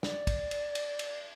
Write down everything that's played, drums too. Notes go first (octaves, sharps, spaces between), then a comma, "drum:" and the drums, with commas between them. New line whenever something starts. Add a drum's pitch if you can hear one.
D5, drum: snare
drum: kick, cymbal
drum: cymbal
drum: cymbal
drum: cymbal